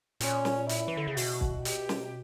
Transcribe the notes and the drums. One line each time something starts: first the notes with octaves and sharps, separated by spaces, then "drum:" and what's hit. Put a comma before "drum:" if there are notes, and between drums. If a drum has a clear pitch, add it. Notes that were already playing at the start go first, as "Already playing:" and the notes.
A#2 C#4, drum: hi-hat
drum: snare
E4, drum: hi-hat
E3
D3
C#3
B2 F#4, drum: open hi-hat
drum: kick
G4, drum: hi-hat
drum: snare